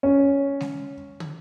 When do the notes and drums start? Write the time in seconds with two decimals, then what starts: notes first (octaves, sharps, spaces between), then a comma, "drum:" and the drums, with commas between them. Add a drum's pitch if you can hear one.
0.03 C#4
0.61 drum: snare G#3
1.20 drum: tom